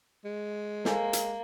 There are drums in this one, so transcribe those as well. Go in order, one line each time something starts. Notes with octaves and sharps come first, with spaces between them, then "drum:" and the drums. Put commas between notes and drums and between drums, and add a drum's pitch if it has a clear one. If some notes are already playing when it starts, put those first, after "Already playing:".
G#3
A#3 A4 C5 G#5, drum: snare
drum: hi-hat